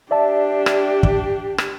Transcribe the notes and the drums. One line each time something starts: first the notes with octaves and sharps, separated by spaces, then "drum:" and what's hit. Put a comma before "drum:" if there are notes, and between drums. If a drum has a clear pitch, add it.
D4 G4 D5 E5 A5
drum: rim click
drum: kick
drum: rim click